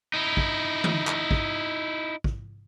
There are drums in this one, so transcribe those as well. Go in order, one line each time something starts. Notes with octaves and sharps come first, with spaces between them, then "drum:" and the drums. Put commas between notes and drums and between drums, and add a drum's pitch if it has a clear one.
D#4 E4
drum: kick
drum: tom D3
drum: clap
drum: kick
drum: kick